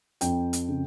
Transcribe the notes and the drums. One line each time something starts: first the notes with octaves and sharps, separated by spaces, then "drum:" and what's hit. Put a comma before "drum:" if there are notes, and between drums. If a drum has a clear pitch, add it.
F2 G5, drum: hi-hat
drum: hi-hat
C#3